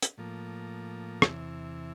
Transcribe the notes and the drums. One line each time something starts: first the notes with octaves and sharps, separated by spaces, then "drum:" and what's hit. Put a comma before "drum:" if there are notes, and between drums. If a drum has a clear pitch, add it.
drum: hi-hat
A2 F3 A#3
E2 C3 E3, drum: rim click